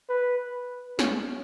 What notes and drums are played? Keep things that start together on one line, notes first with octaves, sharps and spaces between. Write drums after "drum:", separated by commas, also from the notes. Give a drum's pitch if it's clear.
B4
C#4, drum: snare